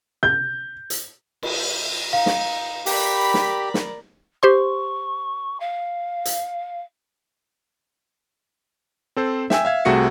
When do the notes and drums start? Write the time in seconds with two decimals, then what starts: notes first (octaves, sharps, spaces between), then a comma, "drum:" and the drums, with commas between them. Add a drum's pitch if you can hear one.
0.23 G6, drum: tom C3
0.90 drum: hi-hat
1.43 drum: cymbal
2.13 D#4 F5
2.26 drum: snare
2.86 G4 A#4 D5 B5 B6, drum: open hi-hat
3.34 drum: snare
3.74 drum: snare
4.43 G4 C5 C6 C#6
5.60 F5
6.25 drum: hi-hat
9.16 C4 A4 C5
9.50 E5 G5 G#5 E6, drum: snare
9.65 E5 F5 G#6
9.85 C2 C3 A3 F#4 G#4 C#7